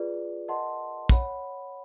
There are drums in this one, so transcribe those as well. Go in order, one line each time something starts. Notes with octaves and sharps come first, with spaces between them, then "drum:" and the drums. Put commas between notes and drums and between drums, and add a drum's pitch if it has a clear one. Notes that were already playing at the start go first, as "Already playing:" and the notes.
Already playing: F4 G#4 B4 D5
A#4 D#5 F#5 A5 C6
C#5 F#5 B5, drum: kick, tambourine